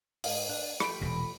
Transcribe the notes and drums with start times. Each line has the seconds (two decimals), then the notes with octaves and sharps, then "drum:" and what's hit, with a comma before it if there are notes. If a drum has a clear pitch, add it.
0.24 G#2 D#5 F5, drum: open hi-hat
0.49 D4
0.80 F3 A3 G4 B5 D7, drum: rim click
1.01 E1 A#2